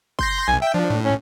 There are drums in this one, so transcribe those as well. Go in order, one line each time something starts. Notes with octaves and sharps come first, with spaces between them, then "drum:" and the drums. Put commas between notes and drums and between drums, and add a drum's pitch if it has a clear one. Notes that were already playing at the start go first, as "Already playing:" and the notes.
C6 G6 A#6, drum: kick F#1
B1 G#5
E5 G5
F3 D4
A2
C#4